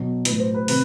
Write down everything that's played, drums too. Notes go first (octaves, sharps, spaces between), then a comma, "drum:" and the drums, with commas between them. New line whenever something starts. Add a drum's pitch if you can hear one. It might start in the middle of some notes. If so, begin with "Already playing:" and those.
Already playing: B2 F#3
A2 F#3 B4, drum: hi-hat
C5
B4
C3 B4, drum: open hi-hat